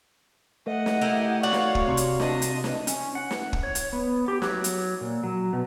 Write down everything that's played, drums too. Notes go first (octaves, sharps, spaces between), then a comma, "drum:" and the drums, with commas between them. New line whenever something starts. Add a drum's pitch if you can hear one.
A3 D#5 F#5
drum: snare
E4 G4 A#4
F#4 C#5 D5 F5 F#5
drum: snare
drum: kick
C3
drum: hi-hat
D4 D#5, drum: snare
drum: hi-hat
drum: snare
C#4, drum: hi-hat
F#5
drum: snare
drum: kick
C#5
drum: hi-hat
B3
G4
F#3, drum: snare
drum: hi-hat
A#2
F#3
B2